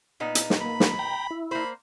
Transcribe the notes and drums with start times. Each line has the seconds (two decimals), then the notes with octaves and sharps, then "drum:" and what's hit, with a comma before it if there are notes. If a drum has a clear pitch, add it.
0.20 A#2 B3 D#4
0.35 drum: hi-hat
0.50 drum: snare
0.61 A#3 B5
0.80 drum: snare
0.99 G5 A#5
1.31 E4
1.51 A#3 C5 B5